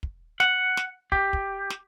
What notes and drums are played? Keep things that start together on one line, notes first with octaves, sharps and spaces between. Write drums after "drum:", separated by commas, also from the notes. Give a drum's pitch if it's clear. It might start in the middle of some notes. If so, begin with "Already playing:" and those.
drum: kick
F#5, drum: snare
drum: snare
G4, drum: kick
drum: kick
drum: snare